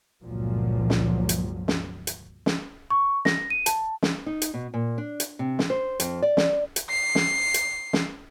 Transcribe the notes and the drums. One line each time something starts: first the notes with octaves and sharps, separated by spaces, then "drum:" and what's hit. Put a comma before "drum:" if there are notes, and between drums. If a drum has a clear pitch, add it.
G1 C#2 A#2 F3 F#3
drum: snare
drum: hi-hat
drum: snare
drum: hi-hat
drum: snare
C#6
A#6, drum: snare
D#7
A5, drum: hi-hat
drum: snare
D#4
drum: hi-hat
B2
A#2
D4
drum: hi-hat
C3
drum: snare
C5
F2, drum: hi-hat
D5
drum: snare
drum: hi-hat
C7
drum: snare
drum: hi-hat
drum: snare